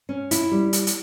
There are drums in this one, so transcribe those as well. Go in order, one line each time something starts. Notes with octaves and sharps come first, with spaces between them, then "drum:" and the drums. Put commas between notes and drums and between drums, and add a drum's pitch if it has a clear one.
C#4
E4, drum: hi-hat
G3
drum: hi-hat
drum: hi-hat